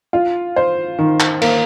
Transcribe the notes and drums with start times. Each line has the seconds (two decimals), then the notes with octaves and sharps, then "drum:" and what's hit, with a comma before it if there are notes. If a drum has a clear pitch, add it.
0.13 F4
0.56 C5
0.99 D#3
1.20 drum: clap
1.42 A#3, drum: cymbal